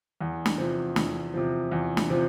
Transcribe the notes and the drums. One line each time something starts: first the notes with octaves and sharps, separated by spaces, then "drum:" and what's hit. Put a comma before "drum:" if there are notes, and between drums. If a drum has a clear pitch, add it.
E2
drum: snare
C3 F3
E2, drum: snare
C3 F3
E2
drum: snare
C3 F3